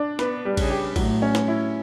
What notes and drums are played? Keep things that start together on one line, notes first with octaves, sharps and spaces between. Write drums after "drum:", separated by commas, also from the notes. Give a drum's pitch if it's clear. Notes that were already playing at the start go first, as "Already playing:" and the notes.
Already playing: D4
B3 B4, drum: snare
G3
C#3, drum: kick A1, cymbal
G4
A2 F#3, drum: kick A1, cymbal
C#4
drum: snare
E4